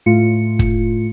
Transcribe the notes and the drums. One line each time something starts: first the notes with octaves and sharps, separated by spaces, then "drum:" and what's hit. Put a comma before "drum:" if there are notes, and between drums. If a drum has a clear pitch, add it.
A2 A3 F4 C#7
drum: kick